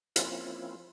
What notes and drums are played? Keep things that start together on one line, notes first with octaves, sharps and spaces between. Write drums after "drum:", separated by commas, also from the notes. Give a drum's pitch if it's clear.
F3 A#3 C4 C#4 E4 F4, drum: hi-hat